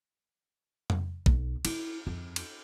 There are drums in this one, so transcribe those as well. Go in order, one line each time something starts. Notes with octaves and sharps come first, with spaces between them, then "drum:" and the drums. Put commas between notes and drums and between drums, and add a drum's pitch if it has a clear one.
drum: tom F2
B1, drum: kick
E4, drum: cymbal
F2
drum: cymbal